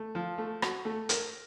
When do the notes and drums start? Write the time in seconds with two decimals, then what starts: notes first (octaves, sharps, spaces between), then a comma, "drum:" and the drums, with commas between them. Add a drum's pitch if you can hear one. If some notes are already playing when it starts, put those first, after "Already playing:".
Already playing: A3
0.15 F3
0.38 A3
0.62 F#4, drum: rim click
0.85 A3
1.09 A#4, drum: hi-hat